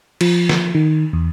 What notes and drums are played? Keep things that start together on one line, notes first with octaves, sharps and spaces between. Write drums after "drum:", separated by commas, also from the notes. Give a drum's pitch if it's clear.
F3, drum: cymbal
drum: snare
D#3
E2